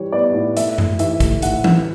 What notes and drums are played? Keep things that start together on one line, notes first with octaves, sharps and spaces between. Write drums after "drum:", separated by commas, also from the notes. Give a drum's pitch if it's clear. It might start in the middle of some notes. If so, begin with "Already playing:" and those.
Already playing: E3 G3 C#5
B3 D5
A2
A3 E5, drum: hi-hat
A3, drum: tom F#2
E3 E5, drum: hi-hat
A3, drum: kick, hi-hat
A2 F#5, drum: hi-hat
E3, drum: tom E3